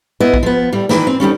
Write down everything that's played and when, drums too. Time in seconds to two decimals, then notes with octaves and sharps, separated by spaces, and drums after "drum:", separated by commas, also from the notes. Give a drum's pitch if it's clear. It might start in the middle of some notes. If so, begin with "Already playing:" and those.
0.20 B3 E4 D#5
0.34 drum: kick
0.43 F3 B3
0.72 A2 G3
0.89 D#3 E3 A#4 B4, drum: snare
1.07 C4
1.20 D2 D#3 G3 C#4